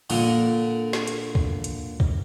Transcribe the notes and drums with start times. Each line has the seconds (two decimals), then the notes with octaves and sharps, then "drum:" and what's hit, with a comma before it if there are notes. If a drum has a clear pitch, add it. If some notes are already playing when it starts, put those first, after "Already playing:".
0.10 A#2 D3, drum: open hi-hat
0.93 drum: snare
1.07 drum: hi-hat
1.35 drum: kick
1.64 drum: hi-hat
2.00 drum: kick